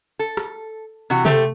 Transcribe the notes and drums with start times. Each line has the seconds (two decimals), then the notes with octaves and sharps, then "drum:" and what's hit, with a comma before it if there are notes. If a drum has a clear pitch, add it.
0.19 A4
0.37 drum: rim click
1.10 C3 E3 F#4
1.25 A3 G4 A4 C5, drum: tom C3